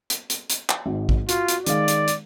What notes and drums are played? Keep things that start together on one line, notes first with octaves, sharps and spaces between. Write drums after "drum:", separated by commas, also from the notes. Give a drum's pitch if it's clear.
drum: hi-hat
drum: hi-hat
drum: hi-hat
drum: clap
G#1 G#2
drum: kick A1
F4 F#4, drum: hi-hat
drum: hi-hat
D#3 G#3 D5 F5, drum: hi-hat
drum: hi-hat
drum: hi-hat